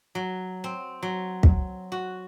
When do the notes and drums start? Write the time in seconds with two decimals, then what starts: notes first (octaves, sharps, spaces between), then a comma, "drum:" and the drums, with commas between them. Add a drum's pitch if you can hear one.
0.15 F#3
0.64 C4
1.03 F#3
1.43 drum: kick
1.92 F#4